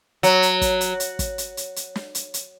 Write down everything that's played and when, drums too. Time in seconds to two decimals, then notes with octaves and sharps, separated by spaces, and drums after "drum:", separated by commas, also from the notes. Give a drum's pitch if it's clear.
0.23 F#3, drum: hi-hat
0.42 drum: hi-hat
0.62 drum: kick, hi-hat
0.81 drum: hi-hat
1.00 drum: hi-hat
1.19 drum: kick, hi-hat
1.38 drum: hi-hat
1.57 drum: hi-hat
1.76 drum: hi-hat
1.95 drum: snare
2.15 drum: hi-hat
2.34 drum: hi-hat